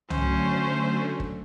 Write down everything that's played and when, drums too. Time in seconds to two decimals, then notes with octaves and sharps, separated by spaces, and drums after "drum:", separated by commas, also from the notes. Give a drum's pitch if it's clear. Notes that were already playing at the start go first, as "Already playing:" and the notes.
0.10 D3 F#3 A3 C#4 C5, drum: tom C2
1.20 drum: kick